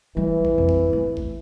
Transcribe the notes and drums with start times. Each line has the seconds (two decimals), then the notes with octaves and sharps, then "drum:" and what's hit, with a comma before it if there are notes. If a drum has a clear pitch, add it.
0.17 E3 G3 A3
0.45 drum: kick G#1
0.58 F2
0.69 drum: kick G#1
0.93 A3
1.17 drum: kick G#1